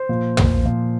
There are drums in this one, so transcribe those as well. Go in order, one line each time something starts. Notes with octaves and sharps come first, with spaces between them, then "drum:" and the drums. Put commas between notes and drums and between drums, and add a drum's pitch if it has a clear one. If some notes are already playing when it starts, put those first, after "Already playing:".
Already playing: C5
A#2 F3
drum: tom
A#2 F3